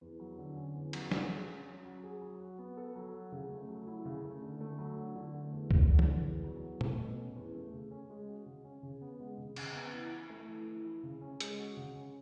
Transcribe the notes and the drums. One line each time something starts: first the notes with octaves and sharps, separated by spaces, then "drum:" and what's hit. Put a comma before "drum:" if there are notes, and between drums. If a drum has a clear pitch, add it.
E2
F#3
D3
C#4
E2
F#3, drum: cymbal
F#3, drum: snare
G#4
C#4
F#3
F#3
G#4
F#3
F#4
B3
A4
F#3
F#4
C#3
A3
F#3
E4
C#3
A3
D3
A3
F#3
D4
D3
A3
E2
F#3, drum: kick C#2
D3
drum: tom
E2
E2
F#3
E2
A3, drum: tom A#2
B2
C#4
E2
A3
C#3
C#4
G#3
F#4
C#3
C#4
C#3
B3
G#3
C#3
C#3, drum: cymbal
B3
E3
E4
A3
E3
E3
E4
C#3
C#4
G#3, drum: hi-hat
F#4
C#3
C#4